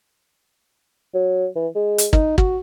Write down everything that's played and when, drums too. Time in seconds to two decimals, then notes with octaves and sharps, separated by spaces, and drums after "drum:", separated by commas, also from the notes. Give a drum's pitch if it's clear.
1.14 F#3
1.56 E3
1.75 G#3
1.98 drum: hi-hat
2.13 D#4, drum: kick
2.38 F#4, drum: kick